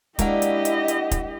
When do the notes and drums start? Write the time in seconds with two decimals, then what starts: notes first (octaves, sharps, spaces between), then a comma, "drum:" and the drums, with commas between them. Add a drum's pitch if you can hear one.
0.19 G#3 A#3 D4 E4 F#4 G4 D#5 F#5, drum: kick, hi-hat
0.42 drum: hi-hat
0.65 drum: hi-hat
0.88 drum: hi-hat
1.11 drum: kick, hi-hat